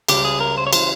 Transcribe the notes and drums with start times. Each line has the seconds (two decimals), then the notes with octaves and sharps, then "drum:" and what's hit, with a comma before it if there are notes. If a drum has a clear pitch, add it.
0.09 C#2 C#3 G3 G4, drum: cymbal
0.25 G#4
0.40 A#4
0.58 C5
0.67 C#5
0.73 C#3 E3 C5, drum: cymbal